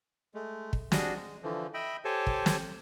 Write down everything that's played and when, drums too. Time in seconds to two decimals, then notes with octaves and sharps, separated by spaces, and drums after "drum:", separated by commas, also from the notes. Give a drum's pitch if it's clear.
0.34 G#3 A3
0.73 drum: kick
0.92 G3 D4 F#4 G#4 D#5, drum: snare
1.15 G#3
1.43 D3 E3 F3
1.74 D#5 E5 G5 B5
2.05 G4 A4 C5 C#5 G#5 A5
2.27 drum: kick
2.46 drum: snare